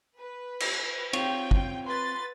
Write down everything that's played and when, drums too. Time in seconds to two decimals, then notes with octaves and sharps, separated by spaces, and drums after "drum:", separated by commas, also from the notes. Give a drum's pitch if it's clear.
0.18 B4
0.60 drum: cymbal
1.13 C4 F4 C#5 G5, drum: cymbal
1.51 drum: kick
1.86 B4 C6 A6